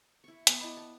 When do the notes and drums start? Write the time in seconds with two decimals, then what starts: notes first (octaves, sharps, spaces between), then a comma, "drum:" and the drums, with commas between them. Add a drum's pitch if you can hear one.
0.24 E4 C#6
0.47 B3 D5 G5, drum: hi-hat
0.61 E4 D#5 B5
0.77 A5